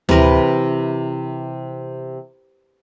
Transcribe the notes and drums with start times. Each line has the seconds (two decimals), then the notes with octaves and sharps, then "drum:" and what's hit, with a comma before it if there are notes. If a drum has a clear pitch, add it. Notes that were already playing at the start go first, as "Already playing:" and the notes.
0.09 C3 E3 A#4 B4, drum: tom D2